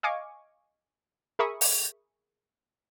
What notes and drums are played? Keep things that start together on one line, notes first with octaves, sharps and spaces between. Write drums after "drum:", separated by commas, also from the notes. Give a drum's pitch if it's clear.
D#5 F5 G#5 C#6 D6
G#4 A#4 E5 B5 C#6 D#6
drum: open hi-hat